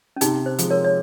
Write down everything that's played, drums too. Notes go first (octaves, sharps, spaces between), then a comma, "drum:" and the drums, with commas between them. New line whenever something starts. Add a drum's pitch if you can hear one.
C#4
C3 D#4, drum: hi-hat
C5
F3 G#3, drum: hi-hat
A#4 C#5
C#5